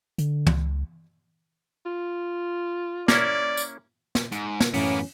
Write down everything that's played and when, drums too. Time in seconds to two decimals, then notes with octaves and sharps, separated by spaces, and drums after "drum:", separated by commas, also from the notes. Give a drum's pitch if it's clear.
0.18 D3, drum: hi-hat
0.46 C#2, drum: tom
1.86 F4
3.08 A#3 C#4 E4 D5, drum: snare
3.57 drum: tambourine
4.15 drum: snare
4.32 G#2, drum: hi-hat
4.60 drum: snare
4.74 F#2 A2 E3 A#3 B3 C#4, drum: open hi-hat